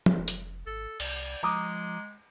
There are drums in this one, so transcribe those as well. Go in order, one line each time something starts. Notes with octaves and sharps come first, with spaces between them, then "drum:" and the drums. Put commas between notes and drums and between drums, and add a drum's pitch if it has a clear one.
drum: tom F3
F1
drum: hi-hat
G#1 A4
C2 D5, drum: cymbal
F3 G#3 A#5 D6 D#6